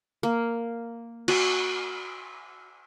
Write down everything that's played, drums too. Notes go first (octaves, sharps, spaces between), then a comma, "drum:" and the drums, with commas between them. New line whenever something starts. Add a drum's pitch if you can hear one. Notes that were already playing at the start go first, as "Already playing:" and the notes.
A#3
F#4, drum: cymbal